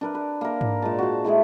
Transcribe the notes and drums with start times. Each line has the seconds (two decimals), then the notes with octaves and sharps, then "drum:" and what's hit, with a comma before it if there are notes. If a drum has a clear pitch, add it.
0.01 D4 A#4 B4
0.15 B4
0.41 A#3 A#4
0.61 drum: tom G#2
0.82 A#2 G#3 A5
0.99 F#4 C5
1.24 E3 G#3 A3 G#4